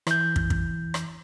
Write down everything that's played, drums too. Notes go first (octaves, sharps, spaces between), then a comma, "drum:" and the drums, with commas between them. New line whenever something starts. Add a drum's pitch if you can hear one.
E3 G6, drum: rim click
drum: kick
drum: kick
drum: rim click